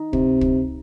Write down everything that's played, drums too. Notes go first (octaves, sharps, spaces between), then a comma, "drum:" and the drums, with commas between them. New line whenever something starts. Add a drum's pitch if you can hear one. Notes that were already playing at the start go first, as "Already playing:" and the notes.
Already playing: D#4
C3, drum: kick
drum: kick